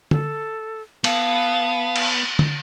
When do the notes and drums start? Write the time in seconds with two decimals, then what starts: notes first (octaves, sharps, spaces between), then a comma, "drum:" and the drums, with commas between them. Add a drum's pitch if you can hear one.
0.11 A4, drum: tom
1.04 B3 F5 A5, drum: cymbal
1.96 drum: cymbal
2.39 drum: tom